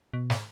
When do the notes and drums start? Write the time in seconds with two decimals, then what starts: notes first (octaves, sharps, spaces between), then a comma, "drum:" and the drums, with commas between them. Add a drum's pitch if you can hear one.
0.13 B2
0.30 drum: snare